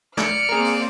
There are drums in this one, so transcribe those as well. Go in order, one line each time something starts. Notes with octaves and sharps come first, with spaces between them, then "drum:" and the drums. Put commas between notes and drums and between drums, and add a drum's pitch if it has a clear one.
D5 F6 C#7, drum: snare
A#3 C4 G#4 A#4
drum: open hi-hat